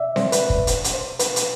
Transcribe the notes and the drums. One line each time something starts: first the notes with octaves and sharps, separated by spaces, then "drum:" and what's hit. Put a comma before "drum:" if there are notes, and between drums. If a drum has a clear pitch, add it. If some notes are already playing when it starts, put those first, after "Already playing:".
Already playing: D5 E5
C5, drum: snare C4
B4, drum: hi-hat
drum: kick
drum: hi-hat
drum: hi-hat
C5
B4, drum: hi-hat
drum: hi-hat